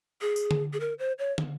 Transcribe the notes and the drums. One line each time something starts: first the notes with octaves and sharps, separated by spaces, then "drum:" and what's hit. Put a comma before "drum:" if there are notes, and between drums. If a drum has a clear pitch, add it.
G#4
drum: tambourine
drum: tom D3
G#4
A#4
C5
C#5
drum: tom